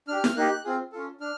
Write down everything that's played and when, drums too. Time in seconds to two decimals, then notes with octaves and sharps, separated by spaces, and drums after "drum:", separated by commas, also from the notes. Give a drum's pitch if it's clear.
0.08 D4 G4 F6
0.24 drum: snare E4
0.36 A#3 D#4 G4 F#6
0.65 C4 F4 G#4
0.92 C#4 F4 A4
1.21 D4 F6